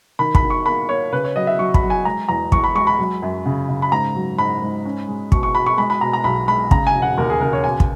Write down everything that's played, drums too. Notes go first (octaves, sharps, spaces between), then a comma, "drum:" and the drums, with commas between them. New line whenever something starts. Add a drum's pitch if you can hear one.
D#3 B5
B5, drum: kick
D#3
C#6
A#3 B5
A#3 C#5
C#3 B4
C#5
F#3 D#5
E5
F#3 C#6
B5, drum: kick
F#3
G#5
G#3 A#5
E2 A#5
E2 C#6, drum: kick
B5
G#3 C#6
B5
F#3
F#2
C#3
C#3
B5
G#2 A#5
F#3
G#2 B5
G#2
C#4
G#3
B2 C#6, drum: kick
C#6
B2 B5
C#6
G#3 B5
B5
B2 A#5
A#5
B1 B5
G#3 B5
C#3 A#5, drum: kick
G#5
E1
F#5
D#2 A#4
G#4
C#3 A#4
C#5
B2 G#5
drum: kick